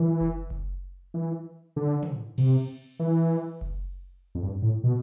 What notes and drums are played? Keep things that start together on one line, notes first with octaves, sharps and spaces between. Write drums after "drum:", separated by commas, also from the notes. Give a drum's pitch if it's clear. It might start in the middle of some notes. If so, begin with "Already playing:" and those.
Already playing: E3
drum: kick F#1
drum: kick F#1
E3
D3
drum: tom
C3, drum: cymbal
E3
drum: kick F#1
F2
G2
A2
B2